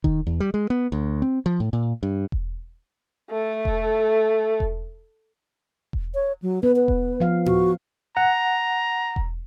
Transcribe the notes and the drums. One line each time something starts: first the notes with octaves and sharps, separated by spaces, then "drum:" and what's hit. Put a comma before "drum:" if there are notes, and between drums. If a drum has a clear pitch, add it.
D#3, drum: kick E1
E2
G3
G#3
B3
D2
C4
F3
A2
A#2
G2
drum: kick E1
A3 A4
drum: kick E1
drum: kick E1
drum: kick E1
C#5
F#3
B3 B4
B4
drum: kick E1
F3 F5
F#4, drum: tom A2
F#5 A#5
drum: kick E1